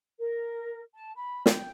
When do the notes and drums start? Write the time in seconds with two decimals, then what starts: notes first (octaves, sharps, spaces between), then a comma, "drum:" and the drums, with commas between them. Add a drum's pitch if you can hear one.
0.18 A#4
0.93 A5
1.15 B5
1.46 G5, drum: snare